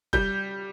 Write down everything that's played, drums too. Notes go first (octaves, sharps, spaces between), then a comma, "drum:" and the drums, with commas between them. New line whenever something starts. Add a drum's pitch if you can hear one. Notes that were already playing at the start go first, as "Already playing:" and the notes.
G3 G6, drum: kick F1